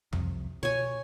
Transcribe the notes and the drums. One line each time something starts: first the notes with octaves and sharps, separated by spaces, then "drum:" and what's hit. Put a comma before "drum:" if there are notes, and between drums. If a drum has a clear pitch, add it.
C2 C3 F3, drum: tom F2
B2 C#5 G#5